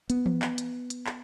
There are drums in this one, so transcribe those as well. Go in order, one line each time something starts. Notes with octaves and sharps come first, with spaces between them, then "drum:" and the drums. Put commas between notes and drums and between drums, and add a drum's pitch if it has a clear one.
B3, drum: hi-hat
drum: tom E3
drum: clap
drum: hi-hat
drum: hi-hat
drum: clap